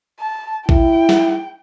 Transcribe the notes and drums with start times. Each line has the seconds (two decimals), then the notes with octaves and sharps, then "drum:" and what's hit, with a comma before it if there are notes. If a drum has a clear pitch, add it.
0.20 A5
0.69 E4 G5, drum: kick A#1
1.09 drum: snare